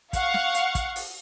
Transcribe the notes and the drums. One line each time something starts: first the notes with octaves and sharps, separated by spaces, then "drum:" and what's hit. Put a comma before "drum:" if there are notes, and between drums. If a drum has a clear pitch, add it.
F5 F#5 C#6, drum: kick, hi-hat
drum: snare
drum: hi-hat
drum: kick, hi-hat
drum: open hi-hat